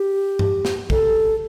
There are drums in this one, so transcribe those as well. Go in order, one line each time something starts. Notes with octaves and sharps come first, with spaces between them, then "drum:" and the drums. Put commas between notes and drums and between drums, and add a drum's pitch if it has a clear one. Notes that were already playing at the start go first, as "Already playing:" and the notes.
Already playing: G4
drum: tom G2
drum: snare
A4, drum: kick